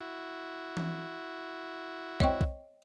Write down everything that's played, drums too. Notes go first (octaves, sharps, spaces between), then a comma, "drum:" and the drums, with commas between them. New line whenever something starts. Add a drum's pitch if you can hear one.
E4 F#4
drum: tom E3
G#3 C4 C#5 D#5 C#6, drum: kick
drum: kick